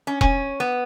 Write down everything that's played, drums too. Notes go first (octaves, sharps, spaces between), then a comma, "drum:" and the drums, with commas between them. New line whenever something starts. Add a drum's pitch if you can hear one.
C#4
C#4, drum: kick E1
B3